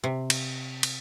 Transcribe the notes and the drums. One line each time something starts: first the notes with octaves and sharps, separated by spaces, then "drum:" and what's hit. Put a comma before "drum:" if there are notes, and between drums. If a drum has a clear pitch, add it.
C3
drum: cymbal
drum: cymbal